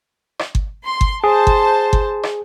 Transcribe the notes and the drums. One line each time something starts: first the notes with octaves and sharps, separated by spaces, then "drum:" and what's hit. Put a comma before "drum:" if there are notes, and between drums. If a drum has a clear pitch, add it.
drum: rim click
drum: kick G1
C6
drum: kick G1
G#4 C5 A5
drum: kick G1
drum: kick G1
drum: rim click